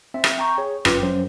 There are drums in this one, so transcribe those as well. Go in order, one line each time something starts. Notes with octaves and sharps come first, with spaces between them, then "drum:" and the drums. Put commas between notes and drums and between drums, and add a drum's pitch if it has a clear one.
C4 E5
drum: rim click
G5 A#5 C#6 G6
G#4 C#5
G1 F#2 F4 B4 G5 D6, drum: rim click
F#2 C5